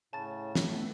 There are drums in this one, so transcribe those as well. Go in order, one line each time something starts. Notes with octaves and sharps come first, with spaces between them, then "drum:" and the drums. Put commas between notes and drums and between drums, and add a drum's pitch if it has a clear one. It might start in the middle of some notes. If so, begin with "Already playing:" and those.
A2 C#3 A5 A6
A2 A3 B3, drum: snare